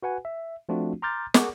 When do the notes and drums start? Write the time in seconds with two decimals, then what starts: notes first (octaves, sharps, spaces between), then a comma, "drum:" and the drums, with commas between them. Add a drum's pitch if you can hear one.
0.03 F#4 B4 F#5 G#5
0.25 E5
0.69 F3 A3 C4 D4 F4 F#4
1.02 A#5 C6 D6 F6 G6 A6
1.34 G#4 A#4 F#5 C#6 D6, drum: snare